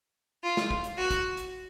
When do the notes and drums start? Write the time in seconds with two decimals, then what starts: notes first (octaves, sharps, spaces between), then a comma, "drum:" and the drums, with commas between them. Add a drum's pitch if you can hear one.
0.44 F4
0.57 drum: snare
0.71 drum: kick
0.84 drum: hi-hat
0.97 F#4
1.11 drum: kick, hi-hat
1.37 drum: hi-hat